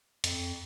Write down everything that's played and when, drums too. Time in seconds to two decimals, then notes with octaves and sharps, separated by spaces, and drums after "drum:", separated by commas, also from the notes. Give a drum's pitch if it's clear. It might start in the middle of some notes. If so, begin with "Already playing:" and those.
0.24 F2, drum: hi-hat